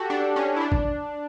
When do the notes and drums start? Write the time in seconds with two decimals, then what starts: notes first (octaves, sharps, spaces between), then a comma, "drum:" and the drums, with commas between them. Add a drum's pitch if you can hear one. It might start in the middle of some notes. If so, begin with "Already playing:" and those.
Already playing: F#4 G4 A4
0.10 D4
0.36 C#4
0.56 E4
0.61 D4
0.72 drum: kick